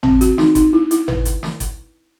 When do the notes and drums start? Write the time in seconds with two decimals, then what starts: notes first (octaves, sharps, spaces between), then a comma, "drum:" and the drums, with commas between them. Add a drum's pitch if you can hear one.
0.03 C4, drum: tom G#1
0.21 F#4, drum: hi-hat
0.38 D#4, drum: snare
0.55 D#4, drum: kick G1, hi-hat
0.73 E4
0.91 E4, drum: hi-hat
1.08 B4, drum: tom G#1
1.25 drum: hi-hat
1.43 drum: snare
1.60 drum: kick G1, hi-hat